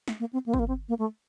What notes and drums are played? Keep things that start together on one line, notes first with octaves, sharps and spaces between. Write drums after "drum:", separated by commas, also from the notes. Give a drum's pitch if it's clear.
drum: snare
A#3
C4
A#3
C4, drum: kick
A#3
C4
A#3
A3